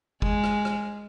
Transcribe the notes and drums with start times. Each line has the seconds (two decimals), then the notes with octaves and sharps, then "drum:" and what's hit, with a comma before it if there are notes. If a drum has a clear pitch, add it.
0.22 G#3, drum: kick
0.44 drum: rim click
0.65 drum: rim click